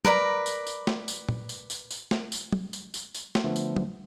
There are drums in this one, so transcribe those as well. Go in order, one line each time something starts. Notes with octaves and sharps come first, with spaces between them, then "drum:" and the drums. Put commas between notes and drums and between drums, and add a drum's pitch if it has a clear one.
A#4 B4 D5 A#5, drum: tom
drum: tambourine
drum: tambourine
drum: snare
drum: tambourine
drum: tom
drum: tambourine
drum: tambourine
drum: tambourine
drum: snare
drum: tambourine
drum: tom
drum: tambourine
drum: tambourine
drum: tambourine
drum: snare
D3 F3 A3 B3
drum: tambourine
drum: tom